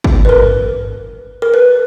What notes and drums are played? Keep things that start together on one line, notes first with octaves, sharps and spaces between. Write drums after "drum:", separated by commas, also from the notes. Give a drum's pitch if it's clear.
drum: kick
B4, drum: tom G2
A#4
A#4
B4